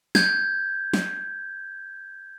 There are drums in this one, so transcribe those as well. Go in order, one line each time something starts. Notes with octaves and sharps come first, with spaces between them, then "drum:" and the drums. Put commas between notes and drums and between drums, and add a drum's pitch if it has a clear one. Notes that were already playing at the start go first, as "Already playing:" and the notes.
G6 G#6, drum: snare
drum: snare